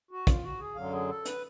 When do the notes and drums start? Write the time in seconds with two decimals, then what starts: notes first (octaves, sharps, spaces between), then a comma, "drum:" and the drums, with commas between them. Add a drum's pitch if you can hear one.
0.11 F#4
0.27 F4, drum: kick, hi-hat
0.43 F#4
0.60 G#4
0.75 F#2 D3 F#3 F5
0.93 G#4
1.09 A4
1.25 B4, drum: hi-hat